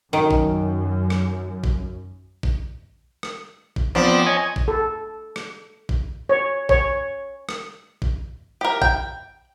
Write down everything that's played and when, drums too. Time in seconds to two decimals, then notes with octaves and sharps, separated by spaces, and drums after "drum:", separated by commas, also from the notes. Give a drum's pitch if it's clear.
0.13 F#2 D#3
0.31 drum: kick A1
1.10 drum: rim click
1.64 drum: kick A1
2.43 drum: kick A1
3.23 drum: rim click
3.76 drum: kick A1
3.95 F3 B3 C4 D5
4.26 C#5 D#5 G#5
4.56 drum: kick A1
4.68 A4
5.36 drum: rim click
5.89 drum: kick A1
6.29 C#5
6.69 C#5, drum: kick A1
7.49 drum: rim click
8.02 drum: kick A1
8.61 G4 A#4
8.82 G5, drum: kick A1